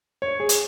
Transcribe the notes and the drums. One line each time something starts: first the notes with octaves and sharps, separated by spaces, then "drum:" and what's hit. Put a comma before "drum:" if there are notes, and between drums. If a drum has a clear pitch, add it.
C#5
G#4
drum: hi-hat